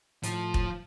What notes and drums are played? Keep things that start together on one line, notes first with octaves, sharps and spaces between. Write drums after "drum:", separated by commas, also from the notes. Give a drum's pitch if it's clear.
A2 F3, drum: hi-hat
drum: kick F1